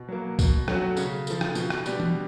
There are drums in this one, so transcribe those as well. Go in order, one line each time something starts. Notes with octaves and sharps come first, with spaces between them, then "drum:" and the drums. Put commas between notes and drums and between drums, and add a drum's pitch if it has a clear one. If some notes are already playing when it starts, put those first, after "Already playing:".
Already playing: B2
F#3 A#3
B2, drum: kick, tambourine
F#3 A3 C#4 F#4, drum: rim click
C#3, drum: tambourine
F3 A3, drum: tambourine
drum: rim click
B2, drum: tambourine
drum: rim click
G3 B3 D4, drum: tambourine
drum: tom